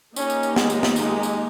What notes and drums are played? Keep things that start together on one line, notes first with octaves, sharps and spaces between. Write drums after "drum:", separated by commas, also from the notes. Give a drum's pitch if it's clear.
A#3 C#4 D#4 G4, drum: tambourine
drum: tambourine
drum: tambourine
G#3, drum: snare
drum: tambourine
drum: snare
G#3, drum: tambourine
drum: tambourine